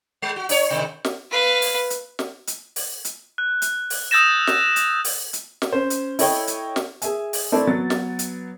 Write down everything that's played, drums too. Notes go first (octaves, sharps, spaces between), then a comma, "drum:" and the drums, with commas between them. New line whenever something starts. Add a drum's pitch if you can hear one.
G#3
F#4
D4 C#5, drum: open hi-hat
G#2 C3 D#3
drum: snare
B4 F5
drum: open hi-hat
drum: hi-hat
drum: snare
drum: hi-hat
drum: open hi-hat
drum: hi-hat
F#6
drum: hi-hat
drum: open hi-hat
D#6 E6 G6 A6 A#6 E7
drum: snare
drum: hi-hat
drum: open hi-hat
drum: hi-hat
drum: snare
C#4 C5
drum: hi-hat
E4 A4 C#5 D#5 G5 C#6, drum: open hi-hat
drum: hi-hat
drum: snare
G#4 E5 G#5, drum: hi-hat
drum: open hi-hat
A3 C4 D4 E4
F#3 B3 A6
drum: snare
drum: hi-hat